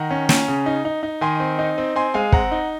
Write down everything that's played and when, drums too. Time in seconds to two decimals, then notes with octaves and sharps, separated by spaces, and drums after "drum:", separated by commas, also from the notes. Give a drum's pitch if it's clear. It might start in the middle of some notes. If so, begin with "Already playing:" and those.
Already playing: D#3 F#5 A#5
0.11 C#4
0.29 C#4, drum: snare
0.48 C#3
0.66 D#4
0.85 D#4
1.03 D#4
1.21 D#3 G#5 C6
1.40 C4
1.59 D#4
1.78 C4
1.96 C4 G#5 C6
2.14 G#3 F5 G#5
2.32 C4 F#5 A#5, drum: kick
2.51 D#4